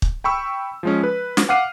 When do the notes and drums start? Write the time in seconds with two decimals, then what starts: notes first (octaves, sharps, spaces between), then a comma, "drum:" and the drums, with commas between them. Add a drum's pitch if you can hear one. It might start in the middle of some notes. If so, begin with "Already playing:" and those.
0.02 drum: kick
0.24 G5 B5 C#6 E6
0.83 F3 G#3 C#4
1.03 B4
1.37 drum: snare
1.49 F5 F#5 D6 F6 C7 D#7